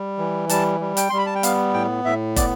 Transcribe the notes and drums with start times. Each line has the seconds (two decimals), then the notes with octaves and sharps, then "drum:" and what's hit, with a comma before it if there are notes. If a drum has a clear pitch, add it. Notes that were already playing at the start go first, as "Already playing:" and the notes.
Already playing: G3
0.18 E3
0.49 G3 A5, drum: hi-hat
0.80 G3
0.97 G5, drum: hi-hat
1.10 G3 C6
1.18 B5
1.26 A5
1.35 G5
1.43 B3 F5, drum: hi-hat
1.74 A2 G5
2.05 A2 E5
2.36 B3 D5, drum: kick, hi-hat